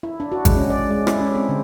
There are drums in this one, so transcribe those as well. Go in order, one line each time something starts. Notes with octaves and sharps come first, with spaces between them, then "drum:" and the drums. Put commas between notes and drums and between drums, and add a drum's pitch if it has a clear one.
E4
D4
F#4
G#3, drum: kick G#1, hi-hat
C#4
D5
G#3
E4, drum: rim click
C#4
C4
D3